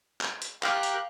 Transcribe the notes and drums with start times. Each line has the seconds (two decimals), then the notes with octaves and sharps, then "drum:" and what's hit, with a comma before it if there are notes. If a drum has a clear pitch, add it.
0.21 drum: clap
0.42 drum: hi-hat
0.62 G4 A#4 F5 G5 F6 F#6, drum: clap
0.83 drum: hi-hat